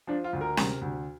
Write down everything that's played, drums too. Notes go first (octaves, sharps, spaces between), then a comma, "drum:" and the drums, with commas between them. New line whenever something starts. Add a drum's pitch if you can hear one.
F3 D4
F4
D2
A#4
C3, drum: snare C#4
D2